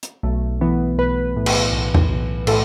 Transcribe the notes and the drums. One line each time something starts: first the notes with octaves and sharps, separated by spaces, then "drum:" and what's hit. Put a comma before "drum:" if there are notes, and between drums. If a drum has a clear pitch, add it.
drum: hi-hat
B1 A3
E3 B3
B1 B4
A2
drum: cymbal
B1
drum: tom E2
B1
A2 A4, drum: cymbal